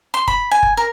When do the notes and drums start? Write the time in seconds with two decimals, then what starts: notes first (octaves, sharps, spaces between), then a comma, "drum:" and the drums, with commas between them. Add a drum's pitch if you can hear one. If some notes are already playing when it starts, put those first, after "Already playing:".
0.14 C6
0.28 B5, drum: kick
0.51 G#5
0.63 drum: kick
0.77 A#4